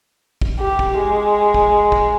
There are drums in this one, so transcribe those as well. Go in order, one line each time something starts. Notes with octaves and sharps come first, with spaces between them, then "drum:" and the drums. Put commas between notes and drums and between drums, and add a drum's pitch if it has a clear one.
drum: kick
G4
drum: kick
G#3
drum: kick
drum: kick